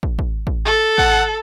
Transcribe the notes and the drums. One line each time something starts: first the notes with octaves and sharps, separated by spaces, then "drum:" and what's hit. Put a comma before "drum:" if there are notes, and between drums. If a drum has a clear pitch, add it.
drum: kick
drum: kick
drum: kick
A4
F#5, drum: kick